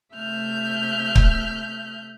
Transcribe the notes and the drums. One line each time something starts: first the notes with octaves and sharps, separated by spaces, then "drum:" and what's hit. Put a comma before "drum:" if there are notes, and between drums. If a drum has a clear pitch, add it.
C3 A3 E5 F6 G6
drum: kick